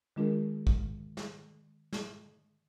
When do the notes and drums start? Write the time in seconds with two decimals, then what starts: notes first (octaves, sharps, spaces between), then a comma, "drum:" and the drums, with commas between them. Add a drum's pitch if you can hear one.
0.16 D#3 G#3 D4 F4 G#4 A#4
0.67 drum: kick
1.17 drum: snare
1.93 drum: snare